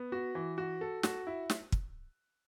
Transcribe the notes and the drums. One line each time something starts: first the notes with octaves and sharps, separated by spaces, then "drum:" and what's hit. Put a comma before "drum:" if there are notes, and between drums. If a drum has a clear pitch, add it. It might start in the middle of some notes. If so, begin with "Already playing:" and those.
Already playing: B3
F#4
E3
F#4
A4
F#4, drum: snare
E4
drum: snare
drum: kick